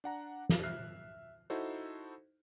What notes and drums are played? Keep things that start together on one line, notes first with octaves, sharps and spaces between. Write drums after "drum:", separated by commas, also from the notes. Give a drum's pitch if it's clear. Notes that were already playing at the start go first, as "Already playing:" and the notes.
D4 F#5 A#5
drum: snare
E5 F6 F#6 C7
D#4 E4 F#4 A4 C5